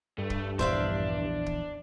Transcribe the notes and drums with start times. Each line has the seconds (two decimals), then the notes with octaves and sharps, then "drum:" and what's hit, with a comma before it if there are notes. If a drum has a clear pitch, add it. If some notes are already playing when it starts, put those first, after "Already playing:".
0.18 G2 A3
0.30 drum: kick
0.59 A#1 E2 E3 D4 C5 E5 F5, drum: kick
1.46 drum: kick